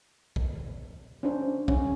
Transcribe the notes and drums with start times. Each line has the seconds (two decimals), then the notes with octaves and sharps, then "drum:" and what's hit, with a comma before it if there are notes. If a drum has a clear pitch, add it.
0.36 drum: kick B1
1.23 C#4 D4 C5
1.68 C#4, drum: kick B1